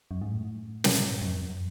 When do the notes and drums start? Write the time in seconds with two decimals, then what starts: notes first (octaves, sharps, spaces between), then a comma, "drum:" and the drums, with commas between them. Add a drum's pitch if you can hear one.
0.11 F#2
0.22 G#2
0.31 A2
0.84 drum: snare
1.11 F#2
1.21 F#2
1.30 F2
1.41 F#2